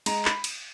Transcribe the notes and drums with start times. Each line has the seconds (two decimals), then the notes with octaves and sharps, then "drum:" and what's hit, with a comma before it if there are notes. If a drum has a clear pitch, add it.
0.06 G#3 A#5, drum: cymbal
0.25 B5, drum: clap
0.44 drum: cymbal